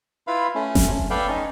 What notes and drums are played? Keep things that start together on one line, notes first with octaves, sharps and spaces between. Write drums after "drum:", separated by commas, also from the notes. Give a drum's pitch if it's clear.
E4 F4 B4 F5 B5
A3 C#4
drum: snare F#1
A4 B4 D5 E5 F5 G5
C#4 D#4 C#5